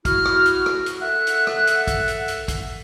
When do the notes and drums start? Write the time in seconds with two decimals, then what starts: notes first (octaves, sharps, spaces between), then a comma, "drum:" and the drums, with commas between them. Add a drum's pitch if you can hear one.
0.05 E4 F#4 F6, drum: kick, hi-hat
0.25 drum: rim click
0.46 drum: hi-hat
0.66 drum: rim click
0.86 drum: hi-hat
1.01 A4 E5 F#5 F#6
1.27 drum: hi-hat
1.47 drum: rim click
1.67 drum: hi-hat
1.87 drum: kick, hi-hat
2.08 drum: hi-hat
2.28 drum: hi-hat
2.48 drum: kick, hi-hat